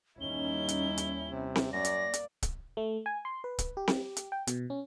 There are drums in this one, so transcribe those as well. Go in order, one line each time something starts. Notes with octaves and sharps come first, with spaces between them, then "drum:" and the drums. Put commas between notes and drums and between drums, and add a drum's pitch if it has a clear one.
D#2 G3 C#4 D#4 E4 G7
drum: hi-hat
drum: hi-hat
C3
drum: snare C4
F#2 A#3 D5 A#6
drum: hi-hat
drum: hi-hat
drum: kick C#1, hi-hat
A3
G#5
C6
B4
drum: kick C#1, hi-hat
G4
drum: snare C4
drum: hi-hat
G5
B2, drum: hi-hat
C#4